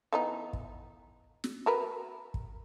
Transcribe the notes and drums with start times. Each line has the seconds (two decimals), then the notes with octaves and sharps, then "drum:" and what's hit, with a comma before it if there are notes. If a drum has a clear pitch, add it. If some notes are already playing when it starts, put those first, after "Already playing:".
0.13 E3 B3 D#4
0.53 drum: kick
1.44 drum: snare
1.66 F#4 A#4 B4
2.34 drum: kick